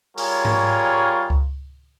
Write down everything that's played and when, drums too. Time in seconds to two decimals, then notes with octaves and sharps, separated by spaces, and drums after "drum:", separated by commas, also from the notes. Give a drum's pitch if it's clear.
0.18 G3 F4 G#4 A#4 C#5 C#6, drum: open hi-hat
0.45 drum: tom G#2
1.30 drum: kick C#2